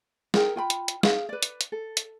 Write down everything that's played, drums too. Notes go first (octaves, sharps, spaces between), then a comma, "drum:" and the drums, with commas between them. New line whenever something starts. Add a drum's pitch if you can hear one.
G#4 A#4 G5, drum: snare
F4 G5 B5
drum: hi-hat
drum: hi-hat
G#4 F5, drum: snare
B4 D5
drum: hi-hat
drum: hi-hat
A4
drum: hi-hat